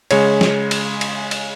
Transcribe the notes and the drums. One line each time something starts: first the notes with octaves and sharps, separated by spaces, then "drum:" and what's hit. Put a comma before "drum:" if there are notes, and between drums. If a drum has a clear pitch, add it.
C#3 G#3 C#5, drum: cymbal
drum: snare
drum: cymbal
drum: cymbal
drum: cymbal